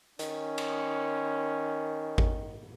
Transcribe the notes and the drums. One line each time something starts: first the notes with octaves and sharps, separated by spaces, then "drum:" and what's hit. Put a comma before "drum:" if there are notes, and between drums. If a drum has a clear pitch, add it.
D#3 C#4, drum: hi-hat
drum: cymbal
drum: kick G#1